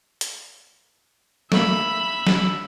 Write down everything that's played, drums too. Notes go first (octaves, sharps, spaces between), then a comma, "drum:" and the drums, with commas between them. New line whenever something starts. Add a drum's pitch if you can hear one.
drum: hi-hat
A3 A#3 E5 B5, drum: snare
drum: snare